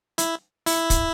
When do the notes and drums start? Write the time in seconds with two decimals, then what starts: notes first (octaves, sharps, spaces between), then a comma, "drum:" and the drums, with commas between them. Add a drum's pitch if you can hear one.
0.18 E4, drum: hi-hat
0.66 E4, drum: open hi-hat
0.90 drum: kick, hi-hat